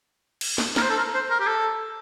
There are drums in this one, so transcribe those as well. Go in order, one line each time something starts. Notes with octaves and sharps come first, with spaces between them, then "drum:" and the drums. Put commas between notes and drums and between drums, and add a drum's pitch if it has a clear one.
drum: cymbal
drum: snare
A#4, drum: snare
C5
A4
A#4
C5
A#4
G4
A4